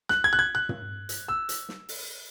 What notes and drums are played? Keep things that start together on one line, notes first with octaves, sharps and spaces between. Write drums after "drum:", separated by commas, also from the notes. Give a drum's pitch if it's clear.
F#6, drum: snare
G#6
F#6
G#6
F#6
drum: tom
drum: hi-hat
E6
drum: hi-hat
drum: snare
drum: open hi-hat